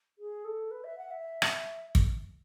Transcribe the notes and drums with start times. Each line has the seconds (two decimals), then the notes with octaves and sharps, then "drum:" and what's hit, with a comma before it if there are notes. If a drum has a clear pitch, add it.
0.19 G#4
0.45 A4
0.71 B4
0.84 E5
0.98 F#5
1.11 E5
1.42 drum: rim click
1.95 drum: kick